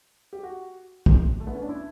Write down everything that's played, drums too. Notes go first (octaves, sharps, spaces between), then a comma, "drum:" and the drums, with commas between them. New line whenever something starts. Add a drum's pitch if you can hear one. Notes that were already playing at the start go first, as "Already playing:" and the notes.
G4
F#4
drum: kick
A3
B3
C#4
D4
E4